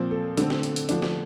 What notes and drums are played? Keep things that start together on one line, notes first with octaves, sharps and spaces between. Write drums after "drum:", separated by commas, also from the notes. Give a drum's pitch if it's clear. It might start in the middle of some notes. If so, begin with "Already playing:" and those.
Already playing: A#2 F3 C4 C5
A4
D3 A3 C4 A4, drum: hi-hat
drum: snare
drum: hi-hat
drum: hi-hat
D3 F3 A3 D4, drum: hi-hat
drum: snare